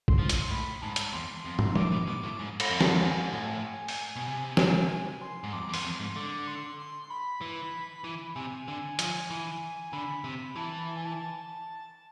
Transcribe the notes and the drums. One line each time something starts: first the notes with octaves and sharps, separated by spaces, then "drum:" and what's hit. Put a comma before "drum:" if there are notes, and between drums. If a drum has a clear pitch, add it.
C6, drum: kick
F3
C6, drum: hi-hat
A2 B5
G#2 A5
drum: hi-hat
E2 C6
F2
drum: tom
A2 D6, drum: tom
B2
B2 D6
A2
G#2
B5, drum: cymbal
F2
A5, drum: snare
F2 G#5
A2
drum: open hi-hat
B2
C3
drum: snare
G#5
C6
G#2
F2 D6
E2
C6, drum: open hi-hat
F2
C6
G#2
D3 D6
C6
C6
C6
B5
E3
E3
C3 G#5
D3
F3, drum: hi-hat
E3
D3 B5
C3
E3 A5
A5
G#5
A5